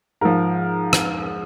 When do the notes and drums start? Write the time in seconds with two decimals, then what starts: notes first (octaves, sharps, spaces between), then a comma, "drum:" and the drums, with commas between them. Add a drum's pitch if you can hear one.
0.21 G#2 F3 A#4
0.93 drum: rim click